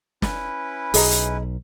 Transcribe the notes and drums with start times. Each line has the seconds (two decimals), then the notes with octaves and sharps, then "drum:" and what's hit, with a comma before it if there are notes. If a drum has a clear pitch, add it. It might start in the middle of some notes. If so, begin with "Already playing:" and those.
0.22 C#4 E4 B4, drum: snare
0.94 B1 G#4 D#5 A#5, drum: open hi-hat
1.11 drum: hi-hat